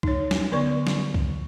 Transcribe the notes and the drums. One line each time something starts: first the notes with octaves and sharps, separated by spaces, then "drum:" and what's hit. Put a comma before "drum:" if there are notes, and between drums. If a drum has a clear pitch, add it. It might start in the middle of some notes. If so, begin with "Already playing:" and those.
D#4 C#5, drum: kick C2
drum: snare
D3 B3 B4 D5 C#6
drum: snare
drum: kick C2